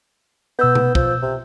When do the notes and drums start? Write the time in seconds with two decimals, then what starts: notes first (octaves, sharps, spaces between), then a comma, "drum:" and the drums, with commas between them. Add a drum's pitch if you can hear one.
0.59 B2 B3 E6 G6
0.75 drum: tom C3
0.95 F3, drum: kick
1.22 C3